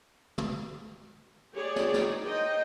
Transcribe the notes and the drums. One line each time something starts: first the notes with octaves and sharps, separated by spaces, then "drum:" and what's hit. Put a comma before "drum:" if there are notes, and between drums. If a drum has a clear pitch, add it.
drum: tom
G4 G#4 C#5 D5
drum: snare
D#4, drum: snare
D#4 C5 D#5 G5